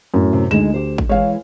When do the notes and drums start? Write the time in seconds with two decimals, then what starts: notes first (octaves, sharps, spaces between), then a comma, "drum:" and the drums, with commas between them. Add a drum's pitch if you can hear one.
0.14 F#2 A2
0.33 C3
0.51 D2 G#3 D#4 E7
0.74 G4 C5
0.98 drum: kick G#1
1.09 E3 G#3 C#5 F5